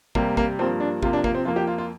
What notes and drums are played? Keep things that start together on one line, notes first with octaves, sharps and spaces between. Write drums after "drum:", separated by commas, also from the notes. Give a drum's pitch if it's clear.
C3 G3 A#3, drum: kick
A#3, drum: kick
G2 F3 A#3 C4
D4
C3 F3 A#3 F4, drum: kick
D4
A#3, drum: kick
C4
F2 F3 A#3 F4
G4
F4
F4